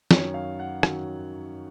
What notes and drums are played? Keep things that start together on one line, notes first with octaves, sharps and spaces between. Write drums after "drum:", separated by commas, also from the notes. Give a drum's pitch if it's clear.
F#2 D#3 F#3 C#5, drum: snare
F5
F#5
F#2 D#3 F#3, drum: rim click